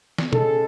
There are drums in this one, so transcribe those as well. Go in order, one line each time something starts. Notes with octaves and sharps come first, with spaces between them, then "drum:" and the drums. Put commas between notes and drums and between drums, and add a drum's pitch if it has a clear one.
drum: snare
C#3 G#3 A4, drum: tom